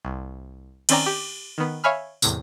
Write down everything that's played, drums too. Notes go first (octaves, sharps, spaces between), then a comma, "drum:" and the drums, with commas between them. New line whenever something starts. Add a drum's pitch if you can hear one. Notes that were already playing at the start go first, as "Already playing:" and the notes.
C2
D#3 C4 C#4 D5 G5 A#5, drum: cymbal
G4
D#3 B3
C#5 E5 F5 G#5 B5 F6
E2 A2 C3, drum: tambourine